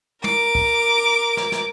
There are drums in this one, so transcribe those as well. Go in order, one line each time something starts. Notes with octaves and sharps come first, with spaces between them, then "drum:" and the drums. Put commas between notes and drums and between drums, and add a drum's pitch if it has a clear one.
A#4 D6, drum: tom
drum: kick
drum: snare
drum: snare